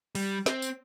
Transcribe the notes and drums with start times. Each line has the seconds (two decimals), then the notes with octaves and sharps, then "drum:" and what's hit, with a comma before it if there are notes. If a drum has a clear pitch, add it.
0.15 G3, drum: open hi-hat
0.46 C4, drum: snare
0.62 drum: tambourine